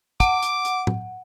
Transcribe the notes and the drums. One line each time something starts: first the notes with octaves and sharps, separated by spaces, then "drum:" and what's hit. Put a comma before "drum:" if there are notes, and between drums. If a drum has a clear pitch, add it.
F#5 D6, drum: kick, hi-hat
drum: hi-hat
drum: hi-hat
drum: tom